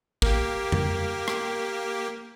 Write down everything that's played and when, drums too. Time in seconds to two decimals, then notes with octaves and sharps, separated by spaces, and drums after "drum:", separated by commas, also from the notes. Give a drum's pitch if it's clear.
0.22 A#3 G4, drum: kick
0.72 drum: tom F2
1.28 drum: rim click